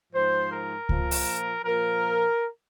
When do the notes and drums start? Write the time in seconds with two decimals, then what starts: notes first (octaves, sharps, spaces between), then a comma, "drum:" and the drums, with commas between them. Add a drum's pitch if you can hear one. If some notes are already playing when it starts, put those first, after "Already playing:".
0.13 G#2 F3 C5
0.50 A#4
0.89 A#2 F3, drum: kick C#2
1.11 drum: open hi-hat
1.65 A#2 F3 A#4